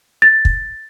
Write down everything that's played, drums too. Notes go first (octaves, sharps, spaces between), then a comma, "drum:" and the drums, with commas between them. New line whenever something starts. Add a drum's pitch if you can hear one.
A6
drum: kick